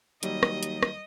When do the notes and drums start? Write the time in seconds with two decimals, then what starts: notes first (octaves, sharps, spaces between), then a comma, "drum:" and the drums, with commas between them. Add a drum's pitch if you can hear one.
0.23 D#2 F#3 G3 D#5, drum: hi-hat
0.43 drum: rim click
0.63 drum: hi-hat
0.83 drum: rim click